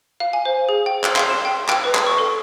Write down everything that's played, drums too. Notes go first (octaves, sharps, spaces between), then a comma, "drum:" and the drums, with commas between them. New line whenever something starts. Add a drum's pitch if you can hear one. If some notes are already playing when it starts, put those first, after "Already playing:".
F5
G#5
C5
G#4
G5
drum: clap
C6, drum: clap
E7
G5
G5, drum: clap
B4
drum: clap
C#6
A4